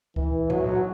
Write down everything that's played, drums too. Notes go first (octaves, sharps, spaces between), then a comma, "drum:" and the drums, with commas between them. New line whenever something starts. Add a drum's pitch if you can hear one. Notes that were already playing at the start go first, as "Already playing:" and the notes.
E3, drum: kick C#2
F#3, drum: tom A2